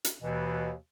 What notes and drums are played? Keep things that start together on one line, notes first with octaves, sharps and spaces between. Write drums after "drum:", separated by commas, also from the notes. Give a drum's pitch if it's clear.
drum: hi-hat
D#2 B2 E3